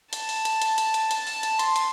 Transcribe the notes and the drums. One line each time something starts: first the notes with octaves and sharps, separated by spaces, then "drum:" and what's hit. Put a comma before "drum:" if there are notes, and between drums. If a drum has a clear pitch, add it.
A5, drum: hi-hat
drum: open hi-hat
drum: hi-hat
drum: hi-hat
drum: hi-hat
drum: hi-hat
A5, drum: hi-hat
drum: open hi-hat
drum: hi-hat
C6, drum: hi-hat
drum: hi-hat